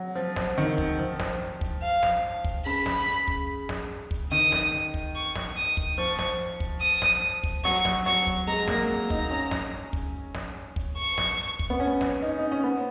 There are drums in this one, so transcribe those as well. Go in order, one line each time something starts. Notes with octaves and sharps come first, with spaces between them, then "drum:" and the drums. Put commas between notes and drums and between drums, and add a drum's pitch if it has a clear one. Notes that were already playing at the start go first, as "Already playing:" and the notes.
Already playing: F#3
F3
drum: snare
D#3
drum: kick
F3
drum: snare
drum: kick
F5
drum: snare
drum: kick
C#3 B5
drum: snare
drum: kick
drum: snare
drum: kick
D#3 D#6
drum: snare
drum: kick
C#6
drum: snare
D#6
drum: kick
F3 C#6
drum: snare
drum: kick
D#6
drum: snare
drum: kick
F#3 C#6
drum: snare
F#3 C#6
drum: kick
G#3 A#5
A#3, drum: snare
A#3 A#5
D#4, drum: kick
C#4
drum: snare
drum: kick
drum: snare
drum: kick
C#6
drum: snare
drum: kick
B3
C#4
drum: snare
D#4
D#4
C#4
B3